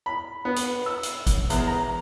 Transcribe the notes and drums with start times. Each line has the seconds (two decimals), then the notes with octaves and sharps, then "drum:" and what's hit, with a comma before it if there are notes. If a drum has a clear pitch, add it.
0.06 B5
0.45 B3
0.56 drum: hi-hat
0.86 E6
1.03 drum: hi-hat
1.27 drum: kick G#1, hi-hat
1.50 E2, drum: hi-hat
1.67 A#5